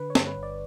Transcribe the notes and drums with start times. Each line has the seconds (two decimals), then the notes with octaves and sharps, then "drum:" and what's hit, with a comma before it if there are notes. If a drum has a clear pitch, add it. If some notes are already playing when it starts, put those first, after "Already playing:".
Already playing: D3 B4
0.10 C#5
0.15 G2, drum: snare
0.27 B4
0.37 G1
0.43 D5